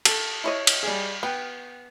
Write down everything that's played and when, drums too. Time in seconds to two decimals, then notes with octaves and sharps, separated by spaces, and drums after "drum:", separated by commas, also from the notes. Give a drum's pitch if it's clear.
0.05 A4, drum: cymbal
0.44 E4 C#5 D#5
0.67 drum: cymbal
0.83 G3 G#4
1.23 B3 G5